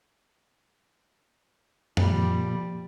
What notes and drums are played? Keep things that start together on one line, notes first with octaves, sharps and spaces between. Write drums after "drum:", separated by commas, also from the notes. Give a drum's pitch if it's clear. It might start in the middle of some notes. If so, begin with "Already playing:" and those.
A#2 F3 G3, drum: tom F#2